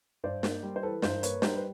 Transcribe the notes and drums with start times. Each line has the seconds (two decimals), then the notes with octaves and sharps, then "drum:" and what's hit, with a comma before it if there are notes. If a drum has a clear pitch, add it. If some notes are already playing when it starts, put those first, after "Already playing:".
0.24 G2 C5 D5
0.43 A#3, drum: snare
0.63 G3
0.76 C5
0.83 E3 A4 B4
1.02 G2 A#4 C5, drum: snare
1.23 A#3 B4 C#5, drum: hi-hat
1.42 G3 A#4 C5, drum: snare
1.56 B4